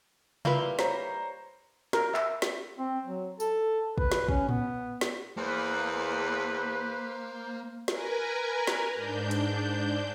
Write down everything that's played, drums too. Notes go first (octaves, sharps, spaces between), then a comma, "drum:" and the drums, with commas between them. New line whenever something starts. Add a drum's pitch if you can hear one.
G3 A#3 E4 F4 B4, drum: tom C3
C5 C#5 A#5, drum: snare
A#4, drum: snare
E5, drum: clap
drum: snare
C4
F#3
A4, drum: tambourine
B4, drum: kick
drum: snare
C#4, drum: kick
B3, drum: tom A2
drum: snare
E2 A#3 B4 C5
A#4 B4 G#5 A#5, drum: snare
drum: snare
G#2 D4 G6
drum: hi-hat